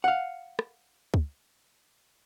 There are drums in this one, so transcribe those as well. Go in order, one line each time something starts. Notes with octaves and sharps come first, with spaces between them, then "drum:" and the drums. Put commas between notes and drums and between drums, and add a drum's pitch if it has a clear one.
F5 F#5
drum: rim click
drum: kick